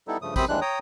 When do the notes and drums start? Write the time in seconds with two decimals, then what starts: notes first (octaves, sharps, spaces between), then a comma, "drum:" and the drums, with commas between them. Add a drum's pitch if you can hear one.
0.08 G3 B3 D#4 E4 A4
0.22 G2 C#3 F3 A3 D#6
0.36 F#2 C3 C4 C5 B5 D#6, drum: kick, tambourine
0.49 D#2 E3 G3 G#3 D4 F#6
0.61 C#5 G5 A#5 D#6